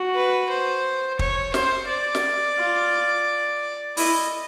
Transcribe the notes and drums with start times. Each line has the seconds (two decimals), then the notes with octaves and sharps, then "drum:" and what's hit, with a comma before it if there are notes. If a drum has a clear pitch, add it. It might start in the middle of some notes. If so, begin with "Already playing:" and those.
Already playing: F#4
0.15 B4
0.50 C5
1.19 C#5, drum: kick
1.54 C5, drum: snare
1.88 D5
2.15 drum: snare
2.58 F4
3.97 E4 D#5, drum: open hi-hat